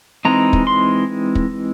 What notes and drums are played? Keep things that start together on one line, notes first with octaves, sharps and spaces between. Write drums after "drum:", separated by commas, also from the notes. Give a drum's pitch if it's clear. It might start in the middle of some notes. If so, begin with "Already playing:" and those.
E3 G#3 C4 D#4 A#5
drum: kick
C6
drum: kick